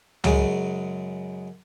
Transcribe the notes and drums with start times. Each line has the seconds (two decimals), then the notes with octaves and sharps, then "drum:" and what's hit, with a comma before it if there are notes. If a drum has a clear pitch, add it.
0.24 F#2 C#3 G#3, drum: tom